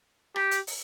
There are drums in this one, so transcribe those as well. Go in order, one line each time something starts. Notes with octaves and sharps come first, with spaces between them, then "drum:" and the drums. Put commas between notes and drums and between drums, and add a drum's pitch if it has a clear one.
G4, drum: rim click
drum: hi-hat
drum: open hi-hat